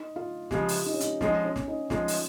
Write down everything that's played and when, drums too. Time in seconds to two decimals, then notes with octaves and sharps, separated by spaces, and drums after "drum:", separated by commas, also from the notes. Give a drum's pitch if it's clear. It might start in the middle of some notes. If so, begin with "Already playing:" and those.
Already playing: D#4
0.16 F4
0.51 C#3 F3 G#3 G4, drum: snare
0.69 drum: open hi-hat
0.86 D#4
0.94 C#4
1.00 D#4, drum: hi-hat
1.21 F3 G#3 C#4 D#4, drum: snare
1.45 C#4
1.56 drum: snare
1.68 D#4
1.90 F3 G#3 D#4 F4, drum: snare
2.08 drum: open hi-hat